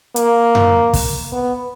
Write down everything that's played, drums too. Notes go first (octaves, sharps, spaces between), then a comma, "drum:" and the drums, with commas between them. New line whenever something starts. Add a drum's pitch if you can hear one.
A#3, drum: hi-hat
drum: tom F#2
drum: kick, open hi-hat
B3